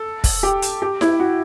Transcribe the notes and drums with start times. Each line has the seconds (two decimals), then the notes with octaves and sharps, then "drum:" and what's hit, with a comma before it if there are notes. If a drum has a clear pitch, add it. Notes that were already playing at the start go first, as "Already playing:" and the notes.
Already playing: A4
0.24 drum: kick, open hi-hat
0.43 G4
0.62 drum: hi-hat
0.82 G4
1.01 E4, drum: snare E4
1.20 F#4